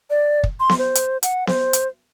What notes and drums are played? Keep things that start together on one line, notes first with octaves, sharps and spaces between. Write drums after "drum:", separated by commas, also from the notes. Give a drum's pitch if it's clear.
D5
drum: kick
C6
drum: snare B3
C5
drum: hi-hat
F#5, drum: hi-hat
C5, drum: snare B3
drum: hi-hat